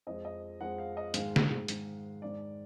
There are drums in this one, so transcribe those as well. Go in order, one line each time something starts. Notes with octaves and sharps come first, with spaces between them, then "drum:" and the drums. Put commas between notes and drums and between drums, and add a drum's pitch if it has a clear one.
F2 F3 G#3 D#5
D#5
F2 F3 G#3 F#5
F5
D#5
G#2 D#3 G#3 F5, drum: hi-hat
drum: snare
G#2 D#3 G#3, drum: hi-hat
G#2 D#3 G#3 D5